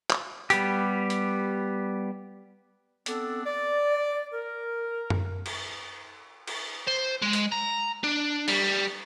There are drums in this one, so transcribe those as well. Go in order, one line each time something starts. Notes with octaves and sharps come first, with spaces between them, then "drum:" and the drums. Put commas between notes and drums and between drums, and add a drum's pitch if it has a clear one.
drum: clap
G3 B3 G4, drum: hi-hat
drum: hi-hat
B3 C4 D4 A4, drum: hi-hat
D5
A#4
drum: tom F#2
drum: cymbal
drum: cymbal
C5
G#3
drum: hi-hat
A#5
D4
G3, drum: cymbal